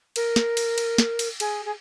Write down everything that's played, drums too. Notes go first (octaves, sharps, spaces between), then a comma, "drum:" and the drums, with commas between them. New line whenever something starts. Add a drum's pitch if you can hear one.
A#4, drum: cymbal
drum: snare
drum: cymbal
drum: cymbal
drum: snare
drum: cymbal
G#4, drum: cymbal
G#4